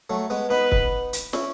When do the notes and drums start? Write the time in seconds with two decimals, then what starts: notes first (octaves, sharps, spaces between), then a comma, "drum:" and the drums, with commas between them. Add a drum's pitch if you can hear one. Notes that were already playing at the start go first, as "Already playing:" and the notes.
0.10 F#3 A3
0.30 G#3 B3
0.50 B3 D#4 B4
0.72 drum: kick
1.13 drum: hi-hat
1.33 C#4 E4, drum: snare